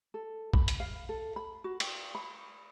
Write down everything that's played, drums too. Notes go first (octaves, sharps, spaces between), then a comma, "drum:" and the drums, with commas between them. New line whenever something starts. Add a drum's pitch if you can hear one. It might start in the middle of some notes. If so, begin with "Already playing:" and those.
A4
B5, drum: kick A#1
drum: hi-hat
F5
A4
B5
F#4
G5, drum: cymbal
B5